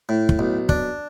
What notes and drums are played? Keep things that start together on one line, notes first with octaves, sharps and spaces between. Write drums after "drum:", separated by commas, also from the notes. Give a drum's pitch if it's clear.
A2
drum: kick
B1
D4, drum: kick